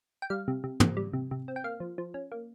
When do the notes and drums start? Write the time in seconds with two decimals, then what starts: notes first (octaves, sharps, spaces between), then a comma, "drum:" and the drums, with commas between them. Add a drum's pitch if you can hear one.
0.22 G5
0.30 G3 F5
0.48 C3
0.64 C3
0.80 C4, drum: tom
0.97 G3
1.13 C3
1.31 C3
1.48 C4
1.56 G5
1.64 A#3 F5
1.80 F3
1.98 F3
2.14 C#4
2.32 A#3